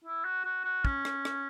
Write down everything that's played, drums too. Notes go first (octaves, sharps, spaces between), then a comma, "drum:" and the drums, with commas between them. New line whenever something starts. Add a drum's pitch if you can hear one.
E4
F#4
F#4
F#4
C#4, drum: kick
drum: rim click
drum: rim click